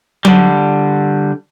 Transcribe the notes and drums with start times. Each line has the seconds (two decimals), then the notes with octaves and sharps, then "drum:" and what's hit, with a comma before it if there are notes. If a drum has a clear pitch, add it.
0.25 D3 G3, drum: tom F#3